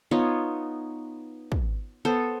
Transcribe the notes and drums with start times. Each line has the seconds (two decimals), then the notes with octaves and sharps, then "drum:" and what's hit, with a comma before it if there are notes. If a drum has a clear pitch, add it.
0.11 B3 D#4 F4 C#5
1.52 drum: kick
2.05 B3 A4 C5